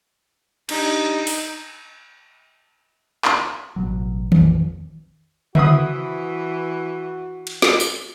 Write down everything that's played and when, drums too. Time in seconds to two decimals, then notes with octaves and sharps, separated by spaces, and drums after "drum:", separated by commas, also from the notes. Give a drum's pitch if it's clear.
0.69 D4 D#4 G4, drum: cymbal
1.27 drum: open hi-hat
3.25 drum: clap
3.76 A1 B2 F#3
4.32 A#1 F2, drum: tom D#3
5.55 E3 C4 E4 F#4 B4 E5 F#5 D#6, drum: tom C#3
7.47 drum: cymbal
7.62 drum: snare
7.80 drum: tambourine